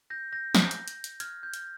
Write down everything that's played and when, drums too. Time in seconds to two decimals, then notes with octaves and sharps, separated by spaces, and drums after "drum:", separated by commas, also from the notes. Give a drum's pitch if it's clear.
0.10 G6 A#6
0.33 G6 A#6
0.55 drum: snare
0.71 drum: hi-hat
0.88 drum: hi-hat
1.04 drum: hi-hat
1.20 F6 G#6, drum: hi-hat
1.43 G6
1.54 drum: hi-hat